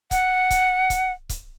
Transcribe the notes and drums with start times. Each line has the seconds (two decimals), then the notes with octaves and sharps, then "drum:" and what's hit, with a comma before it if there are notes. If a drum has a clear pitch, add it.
0.11 F#5, drum: kick, hi-hat
0.50 drum: kick, hi-hat
0.90 drum: kick, hi-hat
1.29 drum: kick, hi-hat